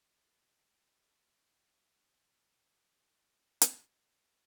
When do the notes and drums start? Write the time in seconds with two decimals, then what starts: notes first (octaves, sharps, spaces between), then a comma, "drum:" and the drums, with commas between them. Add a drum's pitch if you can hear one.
0.10 B3
0.69 G4
1.01 G#4
2.23 C3
3.61 drum: hi-hat
3.78 C2